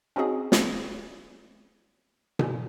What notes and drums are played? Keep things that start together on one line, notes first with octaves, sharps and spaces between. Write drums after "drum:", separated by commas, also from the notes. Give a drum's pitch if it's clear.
C4 C#4 D#4 F#4 G#4 D#5
drum: snare
drum: tom B2